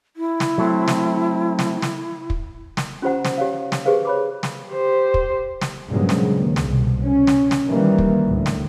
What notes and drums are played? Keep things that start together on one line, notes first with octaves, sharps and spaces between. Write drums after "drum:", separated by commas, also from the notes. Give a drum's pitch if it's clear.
E4
drum: snare
F#3 A3 C4
drum: snare
drum: snare
drum: snare
drum: kick
drum: snare
C#4 F4 G4 C5 F#5 A#5
drum: snare
G4 C#5 F5
drum: snare
G4 G#4 B4 C5 F5
C#5 B5 D6
drum: snare
G4 C5
drum: kick
drum: snare
G2 A#2 C#3 F3 F#3 G#3
drum: snare
D#2
drum: snare
C2 B2
C#4
drum: snare
drum: snare
D#3 E3 G3 A#3
drum: kick
D2 A2
drum: snare